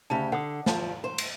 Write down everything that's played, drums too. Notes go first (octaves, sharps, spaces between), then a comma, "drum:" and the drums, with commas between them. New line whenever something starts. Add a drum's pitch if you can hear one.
D2 C#3 G4 A5
D3 F#5 D#6
D2 F3, drum: snare
C5
drum: cymbal